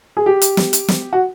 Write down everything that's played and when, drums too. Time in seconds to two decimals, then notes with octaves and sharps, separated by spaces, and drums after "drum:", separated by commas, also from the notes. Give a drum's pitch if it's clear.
0.17 G#4
0.26 G4
0.42 drum: hi-hat
0.57 drum: snare
0.73 drum: hi-hat
0.88 drum: snare
1.13 F#4